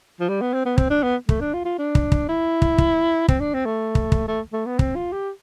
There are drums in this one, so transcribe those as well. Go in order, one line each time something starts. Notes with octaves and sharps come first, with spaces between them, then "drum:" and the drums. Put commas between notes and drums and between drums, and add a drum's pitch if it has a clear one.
F3
G3
B3
C4
B3
C4, drum: kick
D4
B3
A3, drum: kick
D4
F4
F4
D4
drum: kick
drum: kick
E4
drum: kick
drum: kick
C4, drum: kick
D4
C4
A3
drum: kick
drum: kick
A3
A3
B3
C4, drum: kick
F4
G4